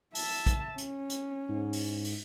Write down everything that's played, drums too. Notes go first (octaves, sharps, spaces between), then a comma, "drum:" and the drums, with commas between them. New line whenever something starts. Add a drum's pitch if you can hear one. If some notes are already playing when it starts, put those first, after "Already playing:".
E5 A5, drum: open hi-hat
drum: kick, hi-hat
C#4, drum: hi-hat
drum: hi-hat
G#2
drum: open hi-hat
drum: open hi-hat